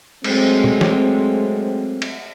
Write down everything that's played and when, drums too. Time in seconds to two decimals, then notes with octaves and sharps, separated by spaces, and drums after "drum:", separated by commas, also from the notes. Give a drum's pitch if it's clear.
0.24 F#3 G#3 A3 C4, drum: cymbal
0.64 drum: tom
0.81 drum: snare
2.02 drum: cymbal